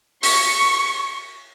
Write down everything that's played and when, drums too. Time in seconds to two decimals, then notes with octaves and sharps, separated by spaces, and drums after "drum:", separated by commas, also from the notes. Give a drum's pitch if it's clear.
0.23 C#6, drum: open hi-hat